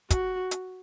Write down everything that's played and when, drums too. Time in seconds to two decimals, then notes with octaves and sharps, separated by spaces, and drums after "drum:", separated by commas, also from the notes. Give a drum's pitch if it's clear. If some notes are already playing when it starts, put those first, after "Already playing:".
0.10 F#4, drum: kick, hi-hat
0.51 drum: hi-hat